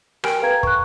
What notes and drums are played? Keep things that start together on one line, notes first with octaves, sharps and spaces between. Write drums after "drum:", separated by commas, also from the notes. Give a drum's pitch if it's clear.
G4 A#4 G5 G#5 F6 D7, drum: rim click
A4 B4 F5 G5 A#5 G#6
C#6 F#6, drum: kick